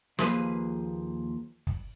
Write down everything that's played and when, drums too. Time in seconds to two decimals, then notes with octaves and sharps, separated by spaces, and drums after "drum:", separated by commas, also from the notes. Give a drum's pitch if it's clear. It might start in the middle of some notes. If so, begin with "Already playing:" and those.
0.19 D#2 F3 A#3 G#4 B4, drum: snare
1.67 drum: kick